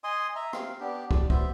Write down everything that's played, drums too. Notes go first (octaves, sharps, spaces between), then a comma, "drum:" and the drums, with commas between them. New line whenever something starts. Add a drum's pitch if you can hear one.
D#5 G#5 C6 D#6
E5 A#5
C4 F5, drum: rim click
B3 D4 G4
D5, drum: kick
B3 C5 E5, drum: kick